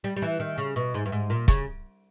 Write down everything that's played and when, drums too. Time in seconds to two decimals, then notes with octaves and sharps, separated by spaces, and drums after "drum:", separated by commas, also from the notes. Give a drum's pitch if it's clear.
0.04 G3
0.16 G3
0.22 E3
0.40 D#3
0.58 C#3
0.76 B2
0.94 G#2
1.06 G2
1.12 G#2
1.30 A#2
1.48 C#3, drum: kick, hi-hat